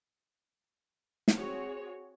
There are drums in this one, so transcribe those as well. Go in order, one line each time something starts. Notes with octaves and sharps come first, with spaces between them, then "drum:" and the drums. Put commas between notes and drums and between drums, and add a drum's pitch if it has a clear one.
drum: snare
C4 F#4 G#4 C#5